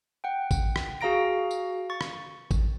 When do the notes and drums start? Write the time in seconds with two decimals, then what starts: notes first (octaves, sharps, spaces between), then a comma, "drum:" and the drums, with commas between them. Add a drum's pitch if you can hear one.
0.24 F#5 G5
0.51 drum: kick A1, tambourine
0.76 drum: rim click
1.01 F#4 G#4 F5 A#5 A#6 D7
1.51 drum: tambourine
1.90 C#6 A6
2.01 drum: rim click
2.51 drum: kick A1, tambourine